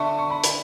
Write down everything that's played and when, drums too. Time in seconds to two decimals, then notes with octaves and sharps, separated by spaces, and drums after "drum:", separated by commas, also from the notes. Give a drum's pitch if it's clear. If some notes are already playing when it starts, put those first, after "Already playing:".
Already playing: D3 E5 C#6
0.18 C#6
0.30 B5
0.44 B5, drum: hi-hat